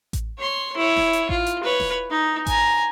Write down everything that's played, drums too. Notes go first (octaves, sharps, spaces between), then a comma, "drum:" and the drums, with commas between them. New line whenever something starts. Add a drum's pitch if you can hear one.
drum: kick A1, hi-hat
C#5 C6
E4 C#5
drum: snare D#1
drum: hi-hat
F4, drum: kick A1
drum: hi-hat
B4 C#5
drum: snare D#1
D#4
G#5 A#5, drum: kick A1, hi-hat